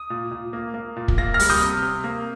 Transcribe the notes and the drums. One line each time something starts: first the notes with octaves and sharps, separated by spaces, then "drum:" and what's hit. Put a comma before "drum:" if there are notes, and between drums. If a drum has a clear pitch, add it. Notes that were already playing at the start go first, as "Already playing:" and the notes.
Already playing: D#6
A#2
A#2
A#3
A#3
A#2
drum: kick
A#3 A#6
F6 A#6
G3, drum: open hi-hat
D#6 G6
C3
C3
A#3